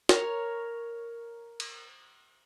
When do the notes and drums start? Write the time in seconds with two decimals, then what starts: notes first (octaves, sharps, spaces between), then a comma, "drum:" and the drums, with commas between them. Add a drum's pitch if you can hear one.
0.09 A#4 C#5, drum: snare
1.60 drum: cymbal